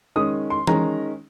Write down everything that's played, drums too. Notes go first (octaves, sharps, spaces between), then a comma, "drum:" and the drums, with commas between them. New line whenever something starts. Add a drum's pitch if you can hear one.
D#3 G#3 C#4 D#6
C6
D#3 G#3 C#4 A#5, drum: tom E3